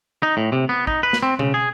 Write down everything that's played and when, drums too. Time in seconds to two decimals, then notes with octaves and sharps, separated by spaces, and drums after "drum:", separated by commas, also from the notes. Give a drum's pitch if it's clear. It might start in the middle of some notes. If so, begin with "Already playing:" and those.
0.23 D#4
0.37 A2
0.52 C3
0.69 B3
0.87 D#4, drum: kick
1.03 B4
1.13 drum: snare
1.23 C4
1.39 C#3, drum: tom B2
1.54 G#4